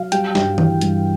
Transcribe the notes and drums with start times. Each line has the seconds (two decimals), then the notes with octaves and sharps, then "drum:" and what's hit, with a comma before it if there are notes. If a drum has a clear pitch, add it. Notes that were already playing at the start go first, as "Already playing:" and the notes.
Already playing: F#3 F5
0.12 G3 G5, drum: hi-hat
0.35 G2, drum: snare
0.58 E3, drum: tom D#3
0.81 G2, drum: hi-hat